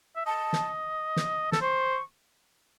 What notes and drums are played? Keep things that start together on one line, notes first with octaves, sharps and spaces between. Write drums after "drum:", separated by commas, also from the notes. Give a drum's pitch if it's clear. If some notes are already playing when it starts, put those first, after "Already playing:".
E5
D#5 A5
drum: snare
drum: snare
A4, drum: snare
C5 C#6